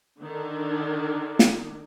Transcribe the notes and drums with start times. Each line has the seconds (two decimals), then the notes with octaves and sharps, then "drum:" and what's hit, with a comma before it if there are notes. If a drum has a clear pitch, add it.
0.20 D3 D#3 D4
1.39 drum: snare